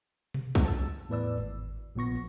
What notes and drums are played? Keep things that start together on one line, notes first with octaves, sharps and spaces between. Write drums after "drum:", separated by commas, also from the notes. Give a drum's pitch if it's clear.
drum: tom B2
drum: kick B1
A5 E6
E2 A2 B4 D5 E6
G#1
A#1 A#2 B3 C#6 A#6